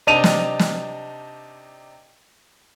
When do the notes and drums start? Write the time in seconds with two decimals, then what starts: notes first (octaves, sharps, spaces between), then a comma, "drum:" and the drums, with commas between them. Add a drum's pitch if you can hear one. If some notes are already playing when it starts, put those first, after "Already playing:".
0.07 C3 D4 D#4 A5 D#7 F7
0.24 drum: snare
0.59 drum: snare